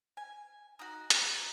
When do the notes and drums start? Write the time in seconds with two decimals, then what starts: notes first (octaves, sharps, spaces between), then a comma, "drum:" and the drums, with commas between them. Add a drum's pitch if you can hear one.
0.17 G#5
0.79 D#4 F#4
1.10 drum: hi-hat